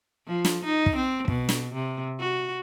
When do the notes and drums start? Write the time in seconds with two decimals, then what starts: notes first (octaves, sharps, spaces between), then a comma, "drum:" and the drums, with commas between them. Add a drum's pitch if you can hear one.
0.27 F3
0.45 drum: snare
0.64 D#4
0.86 drum: kick
0.96 C4
1.28 B2, drum: kick
1.49 drum: snare
1.74 C3
2.20 F#4